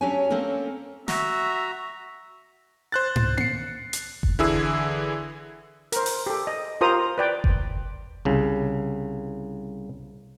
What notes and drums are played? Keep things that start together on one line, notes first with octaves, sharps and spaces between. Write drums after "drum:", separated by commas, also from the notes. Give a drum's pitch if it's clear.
F#3 C#4 D4 G4 C#5 G#5
A#3 C4 C#4 A4 A#4
F#4 E5 A#5, drum: snare
C5 F#6 A6
drum: tom
C7 C#7, drum: tom A#3
drum: hi-hat
drum: kick F#1
D3 E3 E4 G#4 E6
A#4 C5, drum: hi-hat
drum: open hi-hat
G4 A4
D#5
F4 G4 A#4 C5 A#5 D#6
B4 D5 G5
drum: kick F#1
C2 C#3